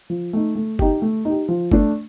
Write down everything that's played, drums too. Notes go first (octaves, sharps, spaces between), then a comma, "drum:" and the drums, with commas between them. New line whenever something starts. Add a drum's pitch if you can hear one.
F3
A3 D#4
A3
D#4 G4, drum: kick F#1
A3
D#4 G4
F3
A3 D4, drum: kick F#1